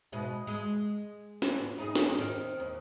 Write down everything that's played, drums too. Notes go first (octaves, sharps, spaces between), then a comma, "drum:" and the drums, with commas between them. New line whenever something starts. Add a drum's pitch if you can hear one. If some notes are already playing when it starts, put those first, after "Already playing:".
B2 G#3 D#4
G#3
drum: snare
B3
D#4 G#4
drum: snare
D#3 C4, drum: hi-hat
D#2